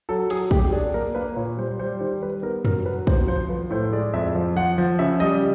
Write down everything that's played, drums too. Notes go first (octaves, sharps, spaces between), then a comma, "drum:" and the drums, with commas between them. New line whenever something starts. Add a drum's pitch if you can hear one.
F#3 A4
F#3 G#4, drum: cymbal
F#3 G4, drum: kick
D4 G#4
A#3 A#4
A#3 B4
A#2 C#5
G3 C5
G3 C5
D#3 C5
G3 B4
B3 A#4
F#3 A#4, drum: tom F2
F#3 B4
F#3 C5, drum: kick
F3 C5
F3 B4
A2 C5
G#3 D5
F2 E5
F3
F3 F#5
F3
C#3 E5
G3 D#5